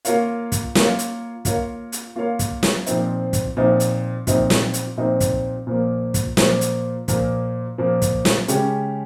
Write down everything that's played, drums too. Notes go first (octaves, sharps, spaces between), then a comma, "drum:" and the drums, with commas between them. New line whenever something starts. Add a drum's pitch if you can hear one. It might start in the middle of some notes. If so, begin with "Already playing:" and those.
A#3 F4 A#4 C#5 F5, drum: hi-hat
drum: kick, hi-hat
A#3 F4 A#4 C#5 F5, drum: snare
drum: hi-hat
A#3 F4 A#4 C#5 F5, drum: kick, hi-hat
drum: hi-hat
A#3 F4 A#4 C#5 F5
drum: kick, hi-hat
drum: snare
A#2 F3 C4 D#4, drum: hi-hat
drum: kick, hi-hat
A#2 F3 C4 D#4
drum: hi-hat
A#2 F3 C4 D#4, drum: kick, hi-hat
drum: snare
drum: hi-hat
A#2 F3 C4 D#4
drum: kick, hi-hat
A#2 F3 A#3
drum: kick, hi-hat
A#2 F3 A#3, drum: snare
drum: hi-hat
A#2 F3 A#3, drum: kick, hi-hat
A#2 F3 A#3
drum: kick, hi-hat
drum: snare
C#3 G#3 C#4 G4, drum: hi-hat